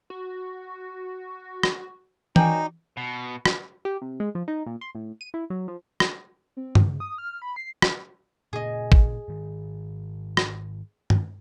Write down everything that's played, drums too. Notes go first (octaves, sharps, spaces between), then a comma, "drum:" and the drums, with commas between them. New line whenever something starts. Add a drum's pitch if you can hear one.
F#4
drum: rim click
D#4 F#4 A#4 C#5 D5 G5 G#5, drum: tom E3
B2
drum: rim click
G4
C3
G#3
F3
D#4
A#2
C6
A2
D#7
E4
F#3
F3
drum: rim click
C4
C#3, drum: tom G2
D#6
F6
B5
C7
drum: rim click
A#2 C#3 A#3 G#4 D#5
drum: kick A1
G#2 D#3
drum: rim click
drum: tom G2